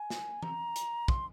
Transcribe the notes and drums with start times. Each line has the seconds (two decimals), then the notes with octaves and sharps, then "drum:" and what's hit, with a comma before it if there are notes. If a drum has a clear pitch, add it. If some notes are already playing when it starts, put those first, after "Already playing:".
Already playing: G#5
0.10 drum: snare
0.43 A#5, drum: tom E3
0.76 drum: hi-hat
1.08 C6, drum: kick